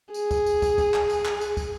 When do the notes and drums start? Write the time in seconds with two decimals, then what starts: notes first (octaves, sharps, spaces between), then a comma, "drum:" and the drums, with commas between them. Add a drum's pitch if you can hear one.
0.14 G#4, drum: tambourine
0.31 drum: kick, tambourine
0.47 drum: tambourine
0.62 drum: kick, tambourine
0.78 drum: kick, tambourine
0.94 drum: clap
1.10 drum: tambourine
1.25 drum: clap
1.41 drum: tambourine
1.57 drum: kick, tambourine